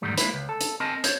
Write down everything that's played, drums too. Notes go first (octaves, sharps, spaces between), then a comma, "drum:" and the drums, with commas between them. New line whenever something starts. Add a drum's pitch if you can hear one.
E2 G#2 D#3 G3 A3
G#3 A#3 E4 B4, drum: hi-hat
C#2
A4
drum: hi-hat
C4 A#4 D#5 G#5 A5
C5 C#5, drum: hi-hat